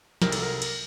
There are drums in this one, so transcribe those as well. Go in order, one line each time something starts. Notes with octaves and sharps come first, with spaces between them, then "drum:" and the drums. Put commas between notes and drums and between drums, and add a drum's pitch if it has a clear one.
C2 C3 F#3 C4 D#4 A#4, drum: snare
A4, drum: cymbal
A#4
drum: cymbal